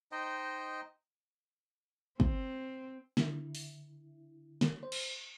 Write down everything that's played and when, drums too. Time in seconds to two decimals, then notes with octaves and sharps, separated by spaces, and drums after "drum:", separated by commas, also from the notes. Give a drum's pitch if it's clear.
0.12 D#4 C5 D#5 G5
2.20 C4, drum: kick
3.17 D3 E4, drum: snare
3.55 drum: open hi-hat
4.61 drum: snare
4.83 C5
4.92 drum: cymbal